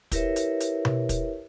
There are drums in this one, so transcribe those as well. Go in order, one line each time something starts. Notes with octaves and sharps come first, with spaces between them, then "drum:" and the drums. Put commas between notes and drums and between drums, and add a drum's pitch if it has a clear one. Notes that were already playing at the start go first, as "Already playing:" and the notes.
E4 G4 A#4 B4 C#5 E5, drum: kick, hi-hat
drum: hi-hat
drum: hi-hat
drum: tom B2
drum: kick, hi-hat